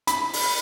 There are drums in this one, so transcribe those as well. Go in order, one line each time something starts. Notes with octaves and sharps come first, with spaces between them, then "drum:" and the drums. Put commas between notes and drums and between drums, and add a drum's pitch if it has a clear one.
B5, drum: hi-hat
drum: open hi-hat